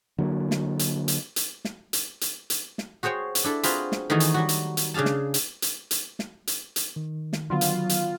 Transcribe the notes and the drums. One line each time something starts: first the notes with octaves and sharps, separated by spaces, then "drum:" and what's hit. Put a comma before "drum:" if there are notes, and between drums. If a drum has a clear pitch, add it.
D3 F#3 A#3
drum: snare
drum: hi-hat
drum: hi-hat
drum: hi-hat
drum: snare
drum: hi-hat
drum: hi-hat
drum: hi-hat
drum: snare
F#4 G#4 C5 C#5 G5
drum: hi-hat
D4 E4 A4
C4 F4 F#4 G#4 B4, drum: hi-hat
drum: snare
D#3 E3 A3 D#4 F#4 G#4
drum: hi-hat
F#3 G3 F#4
drum: hi-hat
drum: hi-hat
C#3 D4 G#4 F5 A5
drum: snare
drum: hi-hat
drum: hi-hat
drum: hi-hat
drum: snare
drum: hi-hat
drum: hi-hat
D#3
drum: snare
D3 F#3 B3 F4
drum: hi-hat
drum: hi-hat